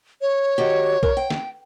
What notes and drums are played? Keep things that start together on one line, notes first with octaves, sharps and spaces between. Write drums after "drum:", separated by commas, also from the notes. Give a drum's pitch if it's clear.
C#5
D#3 F#4 G4
A#4, drum: kick B1
G5
drum: snare